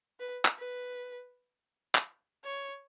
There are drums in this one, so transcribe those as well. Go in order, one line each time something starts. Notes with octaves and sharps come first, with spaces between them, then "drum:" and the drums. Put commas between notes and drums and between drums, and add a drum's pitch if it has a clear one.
B4
drum: clap
B4
drum: clap
C#5